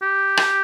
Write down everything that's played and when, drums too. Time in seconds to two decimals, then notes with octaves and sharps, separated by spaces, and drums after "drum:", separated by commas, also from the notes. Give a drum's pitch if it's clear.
0.02 G4
0.37 drum: rim click